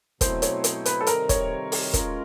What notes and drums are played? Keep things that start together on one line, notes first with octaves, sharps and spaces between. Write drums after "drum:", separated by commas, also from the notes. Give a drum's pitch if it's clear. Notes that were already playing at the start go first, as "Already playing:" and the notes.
B2 F#3 A3 C4 E4 C5, drum: kick, hi-hat
C#5, drum: hi-hat
drum: hi-hat
B4, drum: hi-hat
A4
C3 D#3 G3 C4 A#4, drum: hi-hat
C#5, drum: kick, hi-hat
drum: open hi-hat
G#3 C#4 F4 A#4, drum: kick, hi-hat